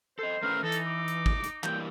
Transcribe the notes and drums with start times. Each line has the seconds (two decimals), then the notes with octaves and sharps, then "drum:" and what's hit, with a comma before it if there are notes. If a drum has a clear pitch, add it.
0.19 A4 C5 D#5
0.43 A3 C#4 A#4 B4
0.63 E3 D#4 A4
0.72 drum: hi-hat
0.86 D6
1.08 drum: hi-hat
1.26 drum: kick
1.44 drum: hi-hat
1.64 E3 G3 A#3 G5, drum: clap